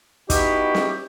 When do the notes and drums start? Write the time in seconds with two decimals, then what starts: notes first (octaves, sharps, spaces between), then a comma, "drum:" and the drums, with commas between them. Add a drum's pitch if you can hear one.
0.30 B3 D#4 E4 F#4 G4, drum: kick, hi-hat
0.75 drum: snare